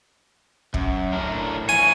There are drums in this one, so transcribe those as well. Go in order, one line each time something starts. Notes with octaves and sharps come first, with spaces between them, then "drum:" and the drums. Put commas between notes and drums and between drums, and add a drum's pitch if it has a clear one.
F#2, drum: kick
A2 D4 A#4
E3 F3 C#5 G#5